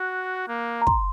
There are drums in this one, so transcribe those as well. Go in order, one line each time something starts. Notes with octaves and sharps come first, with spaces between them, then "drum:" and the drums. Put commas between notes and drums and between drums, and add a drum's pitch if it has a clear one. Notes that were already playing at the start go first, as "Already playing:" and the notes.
Already playing: F#4 F#6
A#3
A#5
C6, drum: kick